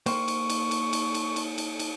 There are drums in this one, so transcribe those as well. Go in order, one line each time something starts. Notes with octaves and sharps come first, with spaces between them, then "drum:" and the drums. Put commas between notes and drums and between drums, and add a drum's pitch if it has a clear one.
A#3 C5 G5 C#6, drum: cymbal
drum: cymbal
drum: cymbal
drum: cymbal
drum: cymbal
drum: cymbal
drum: cymbal
drum: cymbal
drum: cymbal